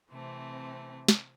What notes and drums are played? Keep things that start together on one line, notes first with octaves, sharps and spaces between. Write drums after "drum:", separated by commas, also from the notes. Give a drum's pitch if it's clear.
C3 E3 A3 C4
drum: snare